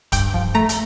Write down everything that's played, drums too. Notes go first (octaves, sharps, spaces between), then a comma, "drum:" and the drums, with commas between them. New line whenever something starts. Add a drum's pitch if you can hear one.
G2 G5, drum: kick, hi-hat
F3
A3 A#5
drum: hi-hat